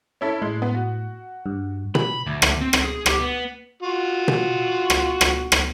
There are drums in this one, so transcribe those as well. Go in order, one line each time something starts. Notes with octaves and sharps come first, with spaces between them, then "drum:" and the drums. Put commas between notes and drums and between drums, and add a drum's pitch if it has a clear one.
C#4 E4 A4
A2 G#3
B3
F#4
G2
B5, drum: tom B2
D2
drum: rim click
C4
drum: rim click
G#4
G4, drum: rim click
B3
F4 F#4
drum: tom B2
drum: rim click
drum: rim click
drum: rim click